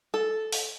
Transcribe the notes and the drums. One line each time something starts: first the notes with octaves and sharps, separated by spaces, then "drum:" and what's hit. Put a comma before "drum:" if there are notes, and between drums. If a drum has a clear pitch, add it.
A4
drum: open hi-hat